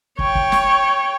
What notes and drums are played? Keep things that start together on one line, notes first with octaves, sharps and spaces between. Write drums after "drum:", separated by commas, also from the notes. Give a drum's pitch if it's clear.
C#5 G5, drum: kick
drum: kick
drum: snare